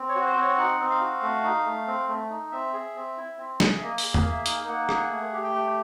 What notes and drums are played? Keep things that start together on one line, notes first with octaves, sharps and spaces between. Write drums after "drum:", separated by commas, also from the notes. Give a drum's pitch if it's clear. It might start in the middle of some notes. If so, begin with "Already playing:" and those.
Already playing: C4
C#5
F#4
C5
C4
C#5
D#4 F#5
C4
F5
F#4
A3
D#4
A3
C4
A3
D#4
C4 E5
G#4
C4
E4
C4
G#4, drum: snare
E5
A#3 D#5
G#4 D#5, drum: open hi-hat
F5, drum: tom E2
A#3
E5
D#4 F5, drum: hi-hat
A#3 F#5
G#4 F#5, drum: rim click
A3 F#5
G4
G5
A3